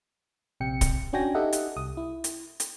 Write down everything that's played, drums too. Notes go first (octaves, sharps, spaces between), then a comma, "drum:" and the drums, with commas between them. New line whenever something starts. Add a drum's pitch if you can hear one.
A#1 C3 G5 C#7
drum: kick D1, hi-hat
C#4 D4 F#4 G5 G#5 A#6
D#4 G4 A4 D#5 E5 F#5
drum: hi-hat
C2 D#6
E4
drum: hi-hat
drum: hi-hat